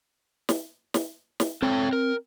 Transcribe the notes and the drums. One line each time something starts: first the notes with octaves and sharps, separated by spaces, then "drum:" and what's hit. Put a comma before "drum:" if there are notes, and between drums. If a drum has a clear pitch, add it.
drum: snare
drum: snare
drum: snare
C4 A4 C#5 G5
A#4